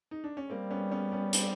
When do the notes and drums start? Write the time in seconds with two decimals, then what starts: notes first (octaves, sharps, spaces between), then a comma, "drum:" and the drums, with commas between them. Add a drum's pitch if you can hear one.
0.11 D#4
0.24 D4
0.37 C#4
0.50 G3 A#3 C4
0.70 B3 C#4
0.92 B3 C#4
1.12 B3 C#4
1.33 C4 D4, drum: hi-hat